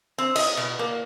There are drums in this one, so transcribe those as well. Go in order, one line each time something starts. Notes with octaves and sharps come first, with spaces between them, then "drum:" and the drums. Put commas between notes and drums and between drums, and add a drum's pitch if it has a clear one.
C4
D#5, drum: cymbal
B2
A#3